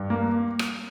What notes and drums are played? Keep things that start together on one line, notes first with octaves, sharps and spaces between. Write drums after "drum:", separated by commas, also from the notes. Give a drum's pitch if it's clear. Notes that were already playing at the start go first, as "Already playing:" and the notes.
Already playing: G2
A#3
drum: rim click